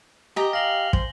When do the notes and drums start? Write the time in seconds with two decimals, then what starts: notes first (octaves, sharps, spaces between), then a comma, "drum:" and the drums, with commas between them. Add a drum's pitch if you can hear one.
0.36 G4 D#5 G#5 A#5 G7
0.53 F5 A#6 F#7 G7
0.93 C5, drum: kick